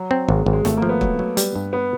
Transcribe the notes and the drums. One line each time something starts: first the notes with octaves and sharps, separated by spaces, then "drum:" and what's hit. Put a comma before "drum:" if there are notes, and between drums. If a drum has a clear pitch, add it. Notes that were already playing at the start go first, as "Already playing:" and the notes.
Already playing: F#3
C4
G#1 G#3
G#1
G#3
G#1 A3, drum: snare
A#3
F3
B3
F#3, drum: kick
F#3
G3, drum: hi-hat
G2
B3